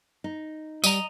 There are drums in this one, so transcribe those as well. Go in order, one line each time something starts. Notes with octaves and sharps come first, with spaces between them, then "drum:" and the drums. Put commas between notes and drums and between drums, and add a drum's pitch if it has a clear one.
D#4
G3 D#5 A#5, drum: tambourine